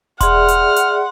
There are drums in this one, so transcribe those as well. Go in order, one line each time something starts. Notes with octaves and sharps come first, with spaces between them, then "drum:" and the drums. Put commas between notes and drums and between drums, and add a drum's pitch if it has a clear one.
G#4 D5 E5 F#5 C6 F6, drum: kick E1, hi-hat
drum: hi-hat
drum: hi-hat